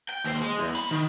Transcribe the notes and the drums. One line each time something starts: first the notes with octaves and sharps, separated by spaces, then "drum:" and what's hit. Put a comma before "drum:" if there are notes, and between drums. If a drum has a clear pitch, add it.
G5
D#2 C5
G#3
E2
B5, drum: open hi-hat
D#3